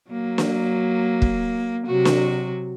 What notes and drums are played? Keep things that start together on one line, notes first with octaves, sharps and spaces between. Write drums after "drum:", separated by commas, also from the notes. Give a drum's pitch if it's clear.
F#3 A#3
drum: snare
drum: kick
C3 F#3 F#4
drum: snare